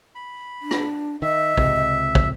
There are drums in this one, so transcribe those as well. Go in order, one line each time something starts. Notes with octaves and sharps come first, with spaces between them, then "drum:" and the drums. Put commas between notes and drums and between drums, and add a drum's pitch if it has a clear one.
B5
D4
drum: rim click
D#3 D#5 E5
C#2 C3, drum: kick
drum: kick